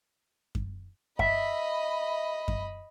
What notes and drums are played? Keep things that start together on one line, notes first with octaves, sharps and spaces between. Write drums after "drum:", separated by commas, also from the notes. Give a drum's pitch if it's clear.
drum: kick F#2
D#5 E5 B5, drum: kick F#2
drum: kick F#2